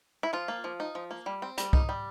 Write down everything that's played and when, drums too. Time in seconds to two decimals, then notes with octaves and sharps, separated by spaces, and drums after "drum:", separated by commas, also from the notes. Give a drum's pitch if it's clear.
0.23 E4
0.33 F3 F4
0.48 A#3
0.64 F3
0.80 D#4
0.95 F3
1.11 A#3
1.26 G3
1.42 C4
1.58 G3, drum: hi-hat
1.73 D#4, drum: kick
1.89 G3